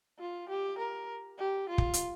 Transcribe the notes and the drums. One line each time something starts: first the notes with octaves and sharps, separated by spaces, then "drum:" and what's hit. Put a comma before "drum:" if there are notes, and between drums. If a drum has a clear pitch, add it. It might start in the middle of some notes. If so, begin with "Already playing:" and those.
F4
G4
A#4
G4
F4
drum: kick
drum: hi-hat